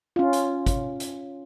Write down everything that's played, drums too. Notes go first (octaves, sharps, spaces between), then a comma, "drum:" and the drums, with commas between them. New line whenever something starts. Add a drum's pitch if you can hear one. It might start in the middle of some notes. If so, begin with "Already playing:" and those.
C#4 F4
drum: hi-hat
drum: kick, hi-hat
drum: hi-hat